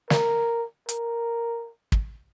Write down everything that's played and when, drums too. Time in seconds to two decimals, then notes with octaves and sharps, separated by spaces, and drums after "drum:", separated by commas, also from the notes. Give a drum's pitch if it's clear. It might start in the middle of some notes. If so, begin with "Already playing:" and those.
0.10 A#4, drum: snare
0.89 A#4, drum: hi-hat
1.92 drum: kick